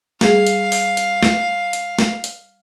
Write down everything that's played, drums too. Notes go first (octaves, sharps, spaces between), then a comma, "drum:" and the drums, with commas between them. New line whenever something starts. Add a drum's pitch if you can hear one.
G3 G#4 F5, drum: snare
drum: hi-hat
drum: open hi-hat
drum: hi-hat
drum: snare
drum: hi-hat
drum: snare
drum: hi-hat